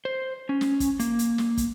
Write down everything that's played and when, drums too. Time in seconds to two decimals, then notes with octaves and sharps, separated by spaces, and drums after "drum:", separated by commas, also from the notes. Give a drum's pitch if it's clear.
0.05 C5
0.49 C#4
0.61 drum: snare
0.80 drum: kick, hi-hat
1.00 A#3, drum: hi-hat
1.19 drum: hi-hat
1.38 drum: snare
1.57 drum: kick, hi-hat